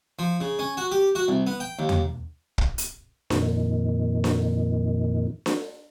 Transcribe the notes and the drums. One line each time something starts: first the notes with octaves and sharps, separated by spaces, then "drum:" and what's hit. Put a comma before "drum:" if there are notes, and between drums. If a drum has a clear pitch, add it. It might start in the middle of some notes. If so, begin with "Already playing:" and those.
F3
C#3
C#4
F#4
G4
F#4
C2
B3
G5
D#2
drum: tom E2
drum: kick
drum: hi-hat
F2 A#2 D#3, drum: snare D4
drum: snare D4
drum: snare D4